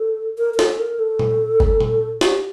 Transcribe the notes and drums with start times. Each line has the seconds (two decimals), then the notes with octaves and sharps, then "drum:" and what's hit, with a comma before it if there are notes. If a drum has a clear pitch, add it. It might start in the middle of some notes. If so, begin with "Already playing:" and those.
Already playing: A4
0.38 A#4
0.54 A#4
0.59 A4, drum: snare
0.79 A#4
0.99 A4
1.19 drum: tom A#2
1.60 drum: kick G1
1.80 drum: tom A#2
2.21 G4, drum: snare